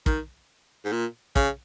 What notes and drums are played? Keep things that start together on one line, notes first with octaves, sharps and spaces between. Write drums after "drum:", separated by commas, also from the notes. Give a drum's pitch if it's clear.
D#3, drum: kick
G#2
A#2
C#3, drum: kick